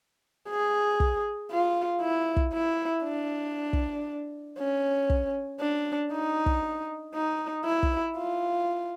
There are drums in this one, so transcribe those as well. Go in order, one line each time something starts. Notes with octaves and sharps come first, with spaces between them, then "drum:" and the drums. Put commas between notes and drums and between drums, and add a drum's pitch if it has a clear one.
G#4
drum: kick
F4
E4
drum: kick
E4
D4
drum: kick
C#4
drum: kick
D4
D#4
drum: kick
D#4
E4
drum: kick
F4